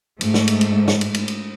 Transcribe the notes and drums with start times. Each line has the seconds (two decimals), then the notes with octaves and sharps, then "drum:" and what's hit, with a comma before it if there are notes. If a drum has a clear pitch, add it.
0.21 G#2 A3, drum: cymbal
0.34 drum: snare
0.48 drum: cymbal
0.61 drum: cymbal
0.88 drum: snare
1.01 drum: cymbal
1.14 drum: cymbal
1.28 drum: cymbal